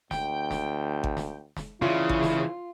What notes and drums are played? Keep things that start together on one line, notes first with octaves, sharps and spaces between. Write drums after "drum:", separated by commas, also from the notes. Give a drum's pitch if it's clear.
D2 G5, drum: snare
drum: snare
drum: kick G#1
drum: snare
drum: snare
C#3 E3 D4 E4 F4
drum: kick G#1
drum: snare